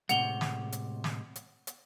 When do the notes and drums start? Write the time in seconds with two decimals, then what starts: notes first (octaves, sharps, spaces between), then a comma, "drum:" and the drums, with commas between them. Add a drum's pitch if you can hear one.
0.09 A2 C3 G#3 F#5 F7 G7, drum: hi-hat
0.41 drum: snare
0.72 drum: hi-hat
1.04 drum: snare
1.36 drum: hi-hat
1.67 drum: hi-hat